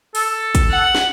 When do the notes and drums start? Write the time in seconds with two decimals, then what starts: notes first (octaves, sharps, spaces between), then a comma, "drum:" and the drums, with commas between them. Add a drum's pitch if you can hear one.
0.15 A4, drum: open hi-hat
0.55 drum: kick, hi-hat
0.71 F#5
0.95 drum: snare